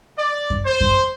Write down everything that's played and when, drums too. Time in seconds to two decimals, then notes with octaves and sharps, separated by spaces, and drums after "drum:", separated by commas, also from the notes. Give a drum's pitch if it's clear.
0.19 D5
0.50 drum: kick F#2
0.65 C5
0.81 drum: kick F#2